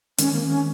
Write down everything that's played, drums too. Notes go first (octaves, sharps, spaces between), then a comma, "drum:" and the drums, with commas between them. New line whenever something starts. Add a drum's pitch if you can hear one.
D#3 G#3 C4 C#4, drum: hi-hat
A#3
C#4